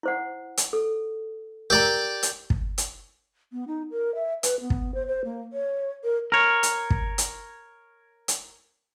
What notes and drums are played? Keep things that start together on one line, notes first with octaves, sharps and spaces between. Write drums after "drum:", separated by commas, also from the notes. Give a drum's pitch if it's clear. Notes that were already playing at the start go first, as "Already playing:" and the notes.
E4 C5 F#5
drum: hi-hat
A4
G4 A#4 D5 A#5
drum: hi-hat
drum: kick
drum: hi-hat
B3
D#4
A#4
E5
B4, drum: hi-hat
B3
drum: kick
C5
C5
A#3
C#5
A#4
A#4 C#5
drum: hi-hat
drum: kick
drum: hi-hat
drum: hi-hat